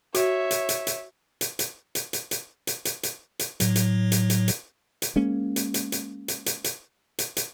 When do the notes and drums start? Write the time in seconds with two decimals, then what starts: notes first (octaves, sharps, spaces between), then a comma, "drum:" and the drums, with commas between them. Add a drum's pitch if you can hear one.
0.15 F#4 C#5 E5, drum: hi-hat
0.51 drum: hi-hat
0.69 drum: hi-hat
0.87 drum: hi-hat
1.41 drum: hi-hat
1.59 drum: hi-hat
1.95 drum: hi-hat
2.13 drum: hi-hat
2.31 drum: hi-hat
2.67 drum: hi-hat
2.85 drum: hi-hat
3.03 drum: hi-hat
3.39 drum: hi-hat
3.60 A2 F#3, drum: hi-hat
3.76 drum: hi-hat
4.12 drum: hi-hat
4.30 drum: hi-hat
4.48 drum: hi-hat
5.02 drum: hi-hat
5.16 G#3 A#3 C#4
5.56 drum: hi-hat
5.74 drum: hi-hat
5.92 drum: hi-hat
6.28 drum: hi-hat
6.46 drum: hi-hat
6.64 drum: hi-hat
7.19 drum: hi-hat
7.37 drum: hi-hat